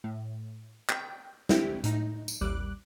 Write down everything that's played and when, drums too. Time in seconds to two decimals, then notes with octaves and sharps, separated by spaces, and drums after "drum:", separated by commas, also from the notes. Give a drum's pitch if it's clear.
0.04 A2
0.89 G5, drum: clap
1.49 C4 E4 G4, drum: snare
1.84 A2 D#4, drum: hi-hat
2.28 drum: tambourine
2.41 A1 D#2 G3 D6 F#6